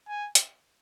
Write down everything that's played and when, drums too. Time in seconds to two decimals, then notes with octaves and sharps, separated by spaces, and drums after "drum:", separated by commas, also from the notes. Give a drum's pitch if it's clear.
0.08 G#5
0.35 drum: hi-hat